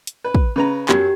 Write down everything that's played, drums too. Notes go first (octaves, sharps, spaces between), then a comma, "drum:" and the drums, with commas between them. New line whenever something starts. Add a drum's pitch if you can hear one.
drum: hi-hat
B4
drum: kick
C#3 B4 A#5
F#2 F#3 G4, drum: clap